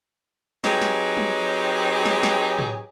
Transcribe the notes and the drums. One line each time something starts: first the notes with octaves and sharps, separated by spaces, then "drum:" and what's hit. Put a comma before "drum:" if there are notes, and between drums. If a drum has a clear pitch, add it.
F#3 C4 D#4 G4 G#4 B4, drum: snare
drum: snare
drum: tom
drum: snare
drum: snare
drum: tom